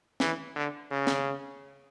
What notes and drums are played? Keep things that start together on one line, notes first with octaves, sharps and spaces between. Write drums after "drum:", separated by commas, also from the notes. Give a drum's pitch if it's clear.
E3, drum: snare
D3
C#3
drum: snare